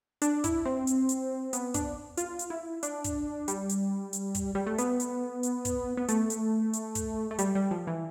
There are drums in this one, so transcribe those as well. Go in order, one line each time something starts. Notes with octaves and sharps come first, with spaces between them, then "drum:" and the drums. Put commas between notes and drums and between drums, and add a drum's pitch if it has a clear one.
D4, drum: hi-hat
E4, drum: kick, hi-hat
C4
drum: hi-hat
drum: hi-hat
B3, drum: hi-hat
D4, drum: kick, hi-hat
F4, drum: hi-hat
drum: hi-hat
E4
D4, drum: hi-hat
drum: kick, hi-hat
G3, drum: hi-hat
drum: hi-hat
drum: hi-hat
drum: kick, hi-hat
G3
A3
B3, drum: hi-hat
drum: hi-hat
drum: hi-hat
drum: kick, hi-hat
B3
A3, drum: hi-hat
drum: hi-hat
drum: hi-hat
drum: kick, hi-hat
A3
G3, drum: hi-hat
G3
F3
E3